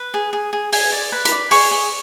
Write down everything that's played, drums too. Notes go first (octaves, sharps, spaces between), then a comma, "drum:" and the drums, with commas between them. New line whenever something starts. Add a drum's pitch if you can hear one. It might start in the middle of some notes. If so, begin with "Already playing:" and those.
Already playing: B4
G#4
G#4
G#4
G#4 G#5, drum: open hi-hat
D5
B4
B5, drum: hi-hat
D5
G#4 C#6, drum: open hi-hat
G#4